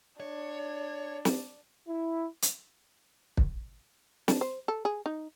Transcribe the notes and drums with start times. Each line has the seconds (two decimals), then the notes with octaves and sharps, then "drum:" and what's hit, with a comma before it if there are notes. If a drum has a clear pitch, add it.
0.20 D4 C#5
1.25 drum: snare
1.88 E4
2.42 drum: hi-hat
3.37 drum: kick
4.28 D4, drum: snare
4.41 C5
4.68 A4
4.85 G#4
5.06 D#4